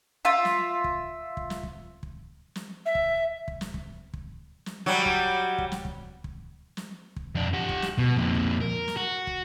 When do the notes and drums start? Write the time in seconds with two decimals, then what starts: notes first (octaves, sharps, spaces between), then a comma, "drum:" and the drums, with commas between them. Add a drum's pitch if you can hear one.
0.25 F4 E5
0.45 drum: snare
0.84 drum: kick
1.37 drum: kick
1.50 drum: snare
1.63 drum: kick
2.03 drum: kick
2.55 drum: snare
2.86 E5
2.95 drum: kick
3.48 drum: kick
3.61 drum: snare
3.74 drum: kick
4.14 drum: kick
4.66 drum: snare
4.86 F#3 G3
5.06 drum: kick
5.58 drum: kick
5.72 drum: snare
5.85 drum: kick
6.24 drum: kick
6.77 drum: snare
7.16 drum: kick
7.35 F2 D4
7.54 G4 F#5
7.69 drum: kick
7.82 drum: snare
7.98 B2, drum: kick
8.16 F2 A#2
8.35 drum: kick
8.61 A#4
8.88 drum: snare
8.97 F#4
9.27 drum: kick